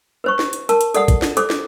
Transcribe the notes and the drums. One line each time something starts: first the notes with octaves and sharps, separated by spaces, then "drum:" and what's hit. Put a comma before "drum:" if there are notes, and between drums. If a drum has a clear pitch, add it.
B4 C5 C#6
drum: snare
drum: hi-hat
A#4 A5, drum: hi-hat
drum: hi-hat
A4 D5 F#5 D#6, drum: hi-hat
drum: kick, hi-hat
drum: snare
A4 C5 D6, drum: hi-hat
drum: snare